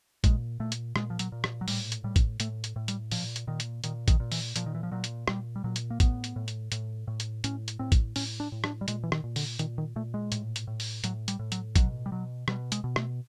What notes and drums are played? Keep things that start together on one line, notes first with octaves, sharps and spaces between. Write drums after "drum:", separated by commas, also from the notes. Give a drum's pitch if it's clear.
A#2 G#3, drum: kick, hi-hat
A#2 A3
drum: hi-hat
A#2 G#3, drum: rim click
F3
F#3, drum: hi-hat
A#2
drum: rim click
F#3
A2 G3, drum: open hi-hat
drum: hi-hat
A2 G3
drum: kick, hi-hat
A2 A3, drum: hi-hat
drum: hi-hat
A2
G3, drum: hi-hat
A#2 F3, drum: open hi-hat
drum: hi-hat
A#2 D#3
drum: hi-hat
A#2 D#3, drum: hi-hat
D#3, drum: kick, hi-hat
A#2
E3, drum: open hi-hat
A#2 F3, drum: hi-hat
D#3
E3
F3
A#2 F#3
drum: hi-hat
A#2 G3, drum: rim click
G3
A#2 F#3
drum: hi-hat
A#3
A2 B3, drum: kick, hi-hat
drum: hi-hat
A2
drum: hi-hat
A2, drum: hi-hat
A2
drum: hi-hat
A2 C#4, drum: hi-hat
drum: hi-hat
A2 C4
drum: kick, hi-hat
A2 C#4, drum: open hi-hat
D4
A2
D4, drum: rim click
G3
A#2 G#3, drum: hi-hat
E3
D#3, drum: rim click
A#2
D3, drum: open hi-hat
A#2 D#3, drum: hi-hat
D#3
A#2 A3
G#3
A2, drum: hi-hat
drum: hi-hat
A2
drum: open hi-hat
A2 F#3, drum: hi-hat
G3, drum: hi-hat
A2
F#3, drum: hi-hat
B2 F#3, drum: kick, hi-hat
G3
B2 F#3
B2 G3, drum: rim click
G#3, drum: hi-hat
B2
A3, drum: rim click